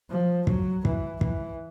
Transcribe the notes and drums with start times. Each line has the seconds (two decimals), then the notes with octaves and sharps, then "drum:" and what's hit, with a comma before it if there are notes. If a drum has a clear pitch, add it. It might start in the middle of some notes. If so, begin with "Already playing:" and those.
0.10 F3
0.47 F#3, drum: kick
0.85 E3, drum: kick
1.21 E3, drum: kick